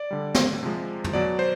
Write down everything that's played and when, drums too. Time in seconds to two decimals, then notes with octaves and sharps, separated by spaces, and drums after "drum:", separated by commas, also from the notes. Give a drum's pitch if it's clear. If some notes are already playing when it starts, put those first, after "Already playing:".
Already playing: D5
0.11 D3 G3
0.35 drum: snare
0.63 C3 F3 G#3
1.04 drum: tom
1.13 B2 F#3 D5
1.39 C5